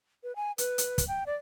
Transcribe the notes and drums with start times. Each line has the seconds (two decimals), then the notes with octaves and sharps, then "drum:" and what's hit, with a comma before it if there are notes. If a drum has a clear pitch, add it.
0.24 B4
0.36 G#5
0.58 B4, drum: hi-hat
0.78 drum: hi-hat
0.98 drum: kick, hi-hat
1.08 G5
1.26 D5